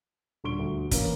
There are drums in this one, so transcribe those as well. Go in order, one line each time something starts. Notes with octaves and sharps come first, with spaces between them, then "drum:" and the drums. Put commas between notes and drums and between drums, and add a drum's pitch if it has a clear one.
D#1 D3 C6 C#6 D7 G7
D2
E3 A#3 C#4, drum: kick, hi-hat